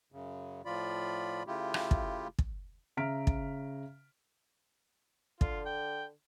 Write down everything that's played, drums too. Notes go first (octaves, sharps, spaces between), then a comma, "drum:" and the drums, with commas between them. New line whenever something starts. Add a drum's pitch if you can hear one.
F#2 C#3
A2 F3 F4 D5 B5
C#3 A3 E4 F4 G4
drum: rim click
drum: kick
drum: kick
C#3 E5 A#5 F6 B6 D7
drum: kick
D3 F4, drum: kick
G5